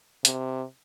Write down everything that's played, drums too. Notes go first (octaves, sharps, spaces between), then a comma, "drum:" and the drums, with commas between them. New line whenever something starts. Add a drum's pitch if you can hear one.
C3, drum: hi-hat